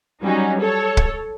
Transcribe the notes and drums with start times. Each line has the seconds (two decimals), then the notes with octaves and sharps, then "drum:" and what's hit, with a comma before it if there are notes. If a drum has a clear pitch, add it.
0.22 F#3 G3 C#4 D#4 F#4
0.59 A4 C#5 A5
0.97 drum: kick